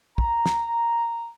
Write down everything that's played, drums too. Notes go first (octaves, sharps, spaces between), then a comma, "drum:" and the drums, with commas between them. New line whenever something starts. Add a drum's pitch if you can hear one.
A#5, drum: kick
drum: snare